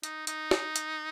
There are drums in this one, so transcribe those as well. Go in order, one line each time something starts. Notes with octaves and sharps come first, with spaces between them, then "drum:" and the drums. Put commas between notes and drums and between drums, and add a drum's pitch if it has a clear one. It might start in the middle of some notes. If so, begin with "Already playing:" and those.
D#4, drum: hi-hat
D#4, drum: hi-hat
drum: snare
drum: hi-hat